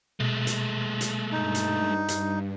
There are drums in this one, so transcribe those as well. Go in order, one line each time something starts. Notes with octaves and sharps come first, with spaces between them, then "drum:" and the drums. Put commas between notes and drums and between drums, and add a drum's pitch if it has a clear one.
B2 G#3 A3
drum: hi-hat
drum: hi-hat
G2 D#4
drum: hi-hat
drum: hi-hat